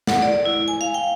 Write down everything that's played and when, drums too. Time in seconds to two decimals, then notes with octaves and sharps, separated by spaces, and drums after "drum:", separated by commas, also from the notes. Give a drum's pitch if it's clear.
0.07 F#5, drum: snare
0.22 D5
0.45 E4
0.68 G#5
0.81 F5
0.94 G5